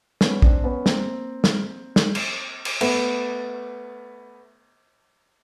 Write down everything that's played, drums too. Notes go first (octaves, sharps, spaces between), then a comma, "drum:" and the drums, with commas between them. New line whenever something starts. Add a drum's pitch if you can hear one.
B3 C#4, drum: snare
C4 D4, drum: kick
B3 C#4
A#3 C4, drum: snare
drum: snare
drum: snare
drum: cymbal
drum: cymbal
A3 B3, drum: cymbal